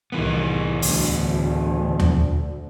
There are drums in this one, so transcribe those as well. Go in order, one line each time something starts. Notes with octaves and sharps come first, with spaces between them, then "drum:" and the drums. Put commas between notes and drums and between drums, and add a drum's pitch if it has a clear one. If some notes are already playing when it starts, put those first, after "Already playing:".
C2 A2 D#3 E3 B3
D2 D3, drum: open hi-hat
drum: tom D#2